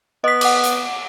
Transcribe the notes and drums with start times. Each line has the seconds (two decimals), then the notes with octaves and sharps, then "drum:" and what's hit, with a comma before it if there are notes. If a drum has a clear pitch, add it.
0.24 B3 D#5 B6
0.41 F#5 D6, drum: cymbal
0.64 drum: hi-hat